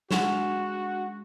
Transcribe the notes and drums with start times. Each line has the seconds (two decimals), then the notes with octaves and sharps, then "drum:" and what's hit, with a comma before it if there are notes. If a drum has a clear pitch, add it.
0.11 G#3 D4 F#4 F5 F#5 C#6 E7, drum: snare